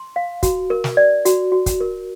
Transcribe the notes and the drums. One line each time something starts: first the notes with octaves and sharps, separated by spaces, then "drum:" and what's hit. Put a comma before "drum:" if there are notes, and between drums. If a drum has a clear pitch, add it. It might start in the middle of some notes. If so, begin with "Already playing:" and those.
Already playing: C6
F5
F#4, drum: kick, hi-hat
A#4
drum: snare
D5
F#4, drum: hi-hat
F#4
drum: kick, hi-hat
A#4